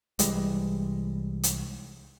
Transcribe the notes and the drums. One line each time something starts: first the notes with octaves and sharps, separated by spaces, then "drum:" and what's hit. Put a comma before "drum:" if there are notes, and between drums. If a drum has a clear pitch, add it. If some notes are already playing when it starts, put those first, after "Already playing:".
C2 E3 G3 G#3, drum: hi-hat
drum: hi-hat